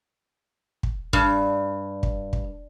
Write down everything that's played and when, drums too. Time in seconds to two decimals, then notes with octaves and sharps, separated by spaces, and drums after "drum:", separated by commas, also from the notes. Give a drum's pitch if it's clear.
0.83 drum: kick
1.13 G2, drum: kick
2.03 drum: kick
2.33 drum: kick